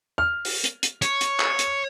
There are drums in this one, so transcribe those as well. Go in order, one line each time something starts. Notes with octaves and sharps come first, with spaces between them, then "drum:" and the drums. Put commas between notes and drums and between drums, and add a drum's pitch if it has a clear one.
F6
drum: open hi-hat
drum: hi-hat
drum: hi-hat
C#5, drum: hi-hat
drum: hi-hat
drum: clap
drum: hi-hat